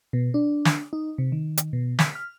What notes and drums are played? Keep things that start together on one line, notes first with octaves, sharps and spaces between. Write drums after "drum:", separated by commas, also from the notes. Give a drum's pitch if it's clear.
B2
D4
drum: snare
D#4
C3
D#3
drum: hi-hat
B2
B6, drum: snare
F6